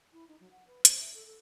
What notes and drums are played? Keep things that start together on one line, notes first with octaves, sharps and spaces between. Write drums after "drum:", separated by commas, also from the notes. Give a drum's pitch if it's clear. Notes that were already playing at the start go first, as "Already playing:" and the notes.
E4
D#4
F#3
F#5
B4
C5, drum: hi-hat
E5
A4
A4